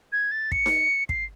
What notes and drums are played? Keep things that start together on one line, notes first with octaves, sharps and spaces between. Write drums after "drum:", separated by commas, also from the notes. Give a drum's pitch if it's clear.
G#6
A6
C#7, drum: kick
drum: snare D#4
C7, drum: kick